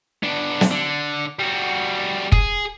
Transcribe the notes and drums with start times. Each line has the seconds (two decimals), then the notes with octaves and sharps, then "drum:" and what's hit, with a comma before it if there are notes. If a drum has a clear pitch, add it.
0.23 B3 D4
0.61 drum: snare
0.71 D3
1.39 G3 F#4
2.32 G#4, drum: kick